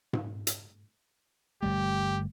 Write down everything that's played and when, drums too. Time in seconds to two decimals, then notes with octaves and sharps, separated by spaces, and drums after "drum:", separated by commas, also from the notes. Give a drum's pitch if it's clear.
0.13 drum: tom G#2
0.47 drum: hi-hat
1.63 G1 G3 A3 G4